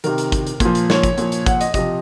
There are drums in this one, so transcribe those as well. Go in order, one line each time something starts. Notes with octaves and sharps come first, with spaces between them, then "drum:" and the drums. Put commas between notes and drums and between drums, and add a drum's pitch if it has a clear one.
C3 D#3 A#4, drum: hi-hat
drum: hi-hat
drum: kick, hi-hat
drum: hi-hat
A#2 F3, drum: kick, hi-hat
drum: hi-hat
C#5, drum: snare
drum: kick, hi-hat
A#2 F3, drum: hi-hat
drum: hi-hat
F#5, drum: kick, hi-hat
D#5, drum: hi-hat
C3 F3 D#5, drum: kick, hi-hat